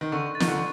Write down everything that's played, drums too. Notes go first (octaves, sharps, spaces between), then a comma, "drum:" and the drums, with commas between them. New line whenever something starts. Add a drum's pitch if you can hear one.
D#3
D3 C#6
A6
D#3, drum: snare
D3